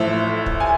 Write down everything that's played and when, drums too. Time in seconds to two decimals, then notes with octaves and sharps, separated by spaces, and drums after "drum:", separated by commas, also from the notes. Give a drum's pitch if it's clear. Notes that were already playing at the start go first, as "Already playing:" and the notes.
Already playing: A1 A2 F3 E5
0.46 drum: kick
0.60 G#5